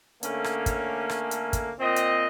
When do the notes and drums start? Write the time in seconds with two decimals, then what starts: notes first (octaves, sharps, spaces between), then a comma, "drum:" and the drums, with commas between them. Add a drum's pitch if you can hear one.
0.23 D3 A3 A#3 C#4, drum: hi-hat
0.44 drum: rim click
0.66 drum: kick, hi-hat
1.10 drum: rim click
1.31 drum: hi-hat
1.53 drum: kick, hi-hat
1.79 A#2 C4 D#5
1.96 drum: hi-hat